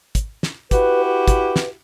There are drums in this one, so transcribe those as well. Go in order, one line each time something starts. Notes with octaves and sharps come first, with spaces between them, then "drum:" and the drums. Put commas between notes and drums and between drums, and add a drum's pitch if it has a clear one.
drum: kick, hi-hat
drum: snare
E4 F#4 G4 B4, drum: kick, hi-hat
B4
drum: kick, hi-hat
drum: snare